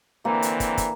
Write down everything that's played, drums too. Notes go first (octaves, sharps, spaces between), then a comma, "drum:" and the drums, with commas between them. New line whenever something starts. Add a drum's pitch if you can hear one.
D3 E3 A#3 C4
drum: hi-hat
drum: kick, hi-hat
drum: kick, hi-hat